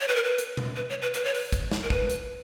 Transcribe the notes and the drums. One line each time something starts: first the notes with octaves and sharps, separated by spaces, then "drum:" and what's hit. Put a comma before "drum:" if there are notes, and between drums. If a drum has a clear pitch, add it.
C#5
B4
A#4
B4
drum: hi-hat
drum: tom B2
B4
C#5
B4
B4, drum: hi-hat
C#5
B4, drum: open hi-hat
drum: kick, hi-hat
drum: snare
A#4
B4, drum: kick
drum: hi-hat